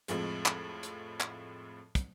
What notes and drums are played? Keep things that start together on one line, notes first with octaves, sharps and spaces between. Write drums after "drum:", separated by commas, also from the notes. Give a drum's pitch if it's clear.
F2 A2 F3 G#3, drum: hi-hat
drum: clap
drum: hi-hat
drum: clap
drum: kick, hi-hat